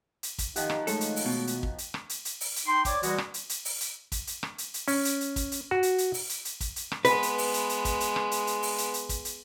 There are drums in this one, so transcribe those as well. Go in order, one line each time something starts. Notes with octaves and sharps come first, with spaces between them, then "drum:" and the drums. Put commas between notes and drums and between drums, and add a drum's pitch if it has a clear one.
drum: hi-hat
drum: kick, hi-hat
D#3 F3 D#4 G4 F#5, drum: hi-hat
drum: rim click
G#3 A3 A4 C#5, drum: hi-hat
drum: hi-hat
drum: open hi-hat
B2
drum: hi-hat
drum: kick
drum: hi-hat
drum: rim click
drum: hi-hat
drum: hi-hat
drum: open hi-hat
drum: hi-hat
D#4 G5 C6
C#5 D5 D6, drum: kick, hi-hat
E3 G3 G#3 F#4, drum: hi-hat
drum: rim click
drum: hi-hat
drum: hi-hat
drum: open hi-hat
drum: hi-hat
drum: kick, hi-hat
drum: hi-hat
drum: rim click
drum: hi-hat
drum: hi-hat
C#4, drum: open hi-hat
drum: hi-hat
drum: hi-hat
drum: kick, hi-hat
drum: hi-hat
F#4
drum: hi-hat
drum: hi-hat
drum: open hi-hat
drum: hi-hat
drum: hi-hat
drum: kick, hi-hat
drum: hi-hat
drum: rim click
G#3 B3 B4, drum: hi-hat
drum: hi-hat
drum: open hi-hat
drum: hi-hat
drum: hi-hat
drum: kick, hi-hat
drum: hi-hat
drum: rim click
drum: hi-hat
drum: hi-hat
drum: open hi-hat
drum: hi-hat
drum: hi-hat
drum: kick, hi-hat
drum: hi-hat